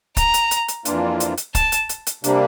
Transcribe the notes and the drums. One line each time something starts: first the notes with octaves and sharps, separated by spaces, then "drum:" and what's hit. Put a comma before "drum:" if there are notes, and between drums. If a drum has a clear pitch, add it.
A#5, drum: kick, hi-hat
drum: hi-hat
drum: hi-hat
drum: hi-hat
F2 E3 A#3 D4 F4, drum: hi-hat
drum: hi-hat
drum: hi-hat
A5, drum: kick, hi-hat
drum: hi-hat
drum: hi-hat
drum: hi-hat
C3 G3 A#3 D4, drum: hi-hat